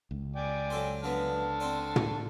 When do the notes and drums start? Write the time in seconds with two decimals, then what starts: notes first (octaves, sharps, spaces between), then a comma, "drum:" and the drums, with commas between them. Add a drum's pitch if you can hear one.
0.11 C#2
0.36 D5 G5 G#5
0.70 F#3 A4 C5
1.03 D3 F3 F#3 B3 A5 F6
1.60 C4 C5 D5
1.96 drum: tom